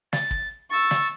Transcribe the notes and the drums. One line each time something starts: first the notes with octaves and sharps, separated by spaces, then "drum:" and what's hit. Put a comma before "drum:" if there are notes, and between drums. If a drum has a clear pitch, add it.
A6, drum: snare
drum: kick
C#6 E6 A6
drum: snare